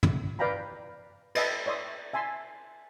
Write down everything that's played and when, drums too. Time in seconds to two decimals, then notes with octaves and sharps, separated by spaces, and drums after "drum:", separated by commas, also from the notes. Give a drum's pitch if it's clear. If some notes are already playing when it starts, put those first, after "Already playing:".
0.03 drum: tom
0.39 B4 D5 F5 G5 A#5 B5
1.35 B4 D#5 E5 A5, drum: cymbal
1.66 C#5 D5 E5 C6 D#6
2.13 E5 G#5 A5 C6